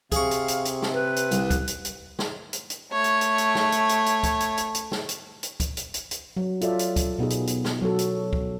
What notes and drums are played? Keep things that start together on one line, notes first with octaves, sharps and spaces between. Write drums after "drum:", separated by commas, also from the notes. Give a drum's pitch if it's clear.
C3 G#4 F5 C#6, drum: kick, hi-hat
drum: hi-hat
drum: hi-hat
drum: hi-hat
drum: snare
B4
drum: hi-hat
C2, drum: hi-hat
drum: kick, hi-hat
drum: hi-hat
drum: hi-hat
drum: snare
drum: hi-hat
drum: hi-hat
A3 C#5
drum: hi-hat
drum: hi-hat
drum: hi-hat
drum: snare
drum: hi-hat
drum: hi-hat
drum: hi-hat
drum: kick, hi-hat
drum: hi-hat
drum: hi-hat
drum: hi-hat
drum: snare
drum: hi-hat
drum: hi-hat
drum: kick, hi-hat
drum: hi-hat
drum: hi-hat
drum: hi-hat
F#3
F4 A4 D5 E5, drum: hi-hat
drum: hi-hat
drum: kick, hi-hat
B2 B3 D#4 G#4
drum: hi-hat
drum: hi-hat
drum: snare
F#3 F#4 A4
drum: hi-hat
drum: kick